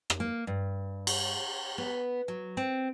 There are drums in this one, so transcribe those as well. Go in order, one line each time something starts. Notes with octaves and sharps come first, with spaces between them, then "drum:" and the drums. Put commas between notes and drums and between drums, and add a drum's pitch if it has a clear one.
drum: rim click
A#3
G2
drum: cymbal
B3
F#3
C4